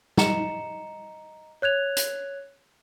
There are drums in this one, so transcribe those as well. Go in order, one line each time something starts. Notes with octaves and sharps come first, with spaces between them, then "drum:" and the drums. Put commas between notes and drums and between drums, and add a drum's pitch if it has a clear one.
D#5 A#5 C#7 E7, drum: snare
C#5 F#6 G#6 F7
drum: hi-hat